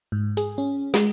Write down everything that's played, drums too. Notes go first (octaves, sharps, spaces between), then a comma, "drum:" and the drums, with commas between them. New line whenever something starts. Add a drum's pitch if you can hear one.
G#2
G#4, drum: hi-hat
C#4
G#3, drum: snare